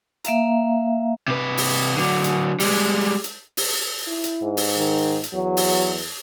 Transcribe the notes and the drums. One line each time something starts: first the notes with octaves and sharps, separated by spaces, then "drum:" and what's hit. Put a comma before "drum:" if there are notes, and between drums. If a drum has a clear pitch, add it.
A#3 E5 F5 A#5, drum: hi-hat
C3 B4
drum: open hi-hat
D3 F#3
drum: hi-hat
G3 G#3, drum: open hi-hat
drum: hi-hat
drum: open hi-hat
E4
drum: hi-hat
G#2
drum: open hi-hat
D#3
drum: hi-hat
E2 F#3
drum: open hi-hat